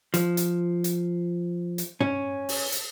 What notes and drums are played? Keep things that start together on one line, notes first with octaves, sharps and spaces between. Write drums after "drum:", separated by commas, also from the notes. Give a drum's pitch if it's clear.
F3, drum: hi-hat
drum: hi-hat
drum: hi-hat
drum: hi-hat
C#4, drum: tom
drum: open hi-hat
drum: hi-hat